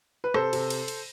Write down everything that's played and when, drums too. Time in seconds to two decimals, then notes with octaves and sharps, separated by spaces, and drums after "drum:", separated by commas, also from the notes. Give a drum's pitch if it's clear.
0.24 B4
0.34 C3 A4 C5, drum: rim click
0.53 C3, drum: cymbal
0.70 drum: cymbal
0.88 drum: cymbal